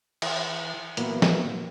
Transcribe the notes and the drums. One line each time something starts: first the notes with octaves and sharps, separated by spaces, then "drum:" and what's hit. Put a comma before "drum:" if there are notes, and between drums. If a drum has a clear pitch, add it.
E3, drum: cymbal
A#2 E3 F#3 A#3 B3, drum: hi-hat
drum: snare